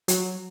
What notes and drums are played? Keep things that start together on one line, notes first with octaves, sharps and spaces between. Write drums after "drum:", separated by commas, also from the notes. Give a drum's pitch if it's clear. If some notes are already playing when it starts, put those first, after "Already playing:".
F#3, drum: hi-hat